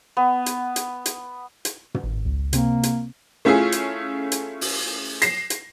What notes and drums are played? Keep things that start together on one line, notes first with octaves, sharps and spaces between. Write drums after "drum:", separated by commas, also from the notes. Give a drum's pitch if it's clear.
B3
drum: hi-hat
drum: hi-hat
drum: hi-hat
drum: hi-hat
drum: tom
G#1
C#2
C3 A#3 C4, drum: hi-hat
drum: hi-hat
A3 C#4 E4 F4 G#4
drum: hi-hat
drum: hi-hat
drum: open hi-hat
A#6 C7 E7, drum: hi-hat
drum: hi-hat